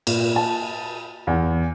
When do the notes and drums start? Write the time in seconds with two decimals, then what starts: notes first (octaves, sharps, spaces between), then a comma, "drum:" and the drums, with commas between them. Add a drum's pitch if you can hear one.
0.07 A#2, drum: cymbal
0.36 A5
1.27 E2